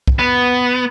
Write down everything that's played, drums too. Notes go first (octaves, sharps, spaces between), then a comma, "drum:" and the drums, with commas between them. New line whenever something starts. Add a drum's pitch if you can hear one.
drum: kick
B3